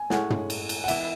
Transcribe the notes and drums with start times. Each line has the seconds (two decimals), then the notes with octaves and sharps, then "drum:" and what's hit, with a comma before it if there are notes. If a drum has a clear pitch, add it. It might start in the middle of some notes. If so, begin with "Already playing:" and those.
Already playing: G#5
0.10 A2 G#3 C#4 F#5, drum: snare
0.30 drum: tom
0.50 drum: cymbal
0.69 drum: cymbal
0.84 F#5
0.88 E3 B3 E4 E5, drum: cymbal